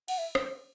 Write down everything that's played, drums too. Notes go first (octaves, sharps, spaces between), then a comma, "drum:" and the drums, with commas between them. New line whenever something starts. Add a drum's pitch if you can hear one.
F#5, drum: cymbal
E5
drum: rim click